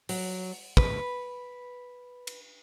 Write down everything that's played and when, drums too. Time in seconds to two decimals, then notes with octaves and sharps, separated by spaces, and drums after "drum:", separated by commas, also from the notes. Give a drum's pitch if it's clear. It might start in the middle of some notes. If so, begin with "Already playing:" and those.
0.09 F#3, drum: open hi-hat
0.77 B4, drum: kick
2.27 drum: cymbal